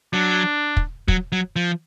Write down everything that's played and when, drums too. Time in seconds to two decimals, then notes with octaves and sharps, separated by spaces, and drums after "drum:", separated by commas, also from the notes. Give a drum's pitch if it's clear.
0.13 F#3 D4
0.77 drum: kick
1.08 F#3, drum: kick
1.32 F#3
1.56 F3